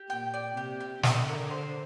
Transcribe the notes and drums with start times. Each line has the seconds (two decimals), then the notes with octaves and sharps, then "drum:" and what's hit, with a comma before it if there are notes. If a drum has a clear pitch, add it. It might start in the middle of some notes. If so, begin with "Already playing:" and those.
Already playing: G4
0.09 A#2 G5
0.34 D5
0.56 C3 G4
0.80 G4
1.03 D3 D#5, drum: snare
1.28 A#4
1.50 C5